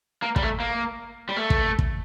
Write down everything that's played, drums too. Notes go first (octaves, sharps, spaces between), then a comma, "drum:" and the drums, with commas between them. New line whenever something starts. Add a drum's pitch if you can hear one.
A#3
G3, drum: kick
A3
A#3
G3
A3
drum: kick
drum: kick